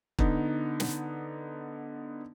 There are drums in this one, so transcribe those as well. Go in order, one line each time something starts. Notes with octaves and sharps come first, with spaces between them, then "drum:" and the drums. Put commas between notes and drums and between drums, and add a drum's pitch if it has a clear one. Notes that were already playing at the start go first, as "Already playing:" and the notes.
D3 B3 D#4, drum: kick
drum: snare